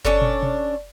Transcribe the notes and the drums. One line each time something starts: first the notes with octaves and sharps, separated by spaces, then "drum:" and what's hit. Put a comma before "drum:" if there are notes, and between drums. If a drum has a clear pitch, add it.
C#4 D4 A4 C#5, drum: kick F#1
drum: tom
drum: tom B2